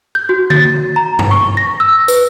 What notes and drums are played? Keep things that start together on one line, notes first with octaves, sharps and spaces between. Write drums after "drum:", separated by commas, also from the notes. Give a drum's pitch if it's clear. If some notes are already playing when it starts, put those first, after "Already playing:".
G6
F#4
A6, drum: tom D3
A#5
drum: tom G2
C#6
A#6
E6
B4, drum: tambourine